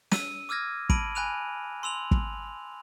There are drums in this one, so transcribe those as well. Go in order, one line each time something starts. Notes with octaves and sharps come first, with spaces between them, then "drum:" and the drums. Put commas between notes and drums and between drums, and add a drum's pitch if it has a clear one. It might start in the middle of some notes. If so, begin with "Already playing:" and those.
E6 D#7, drum: snare
D6 E6 F6 G#6 A#6
A5 B5 D7 D#7 F#7, drum: kick
G#5 B5 F#6 D#7 F7
C6 E6 F7 F#7
drum: kick